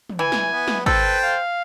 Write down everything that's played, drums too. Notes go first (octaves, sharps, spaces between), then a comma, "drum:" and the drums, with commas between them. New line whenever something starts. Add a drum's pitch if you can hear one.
drum: tom
E3 G#5
drum: snare
B3
drum: snare
A4 B4 C5 G5, drum: kick
F5